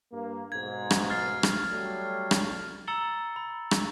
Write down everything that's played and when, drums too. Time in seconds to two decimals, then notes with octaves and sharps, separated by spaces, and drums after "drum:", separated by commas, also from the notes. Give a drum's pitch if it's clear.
0.12 G2 A#3
0.52 B1 G#2 G#6
0.91 drum: rim click
1.10 F6 A6 C7
1.43 drum: rim click
1.71 F#3 G3 A3
2.31 drum: rim click
2.87 A#5 E6 A6 C#7 F#7 G7
3.36 B5
3.71 drum: rim click